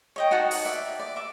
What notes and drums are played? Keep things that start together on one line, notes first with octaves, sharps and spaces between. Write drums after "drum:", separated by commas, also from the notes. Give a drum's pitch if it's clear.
C#5 D#5 G5
D#4 F#4 F#5 A5
drum: open hi-hat
D5 E5
D5
E5 D6